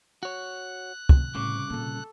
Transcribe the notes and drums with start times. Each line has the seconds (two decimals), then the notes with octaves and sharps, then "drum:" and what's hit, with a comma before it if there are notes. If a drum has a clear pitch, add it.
0.23 F#4 C#5 F#6
1.09 drum: kick
1.35 C2 A2 C#3 C#6 D6
1.70 A#2 A#3 A4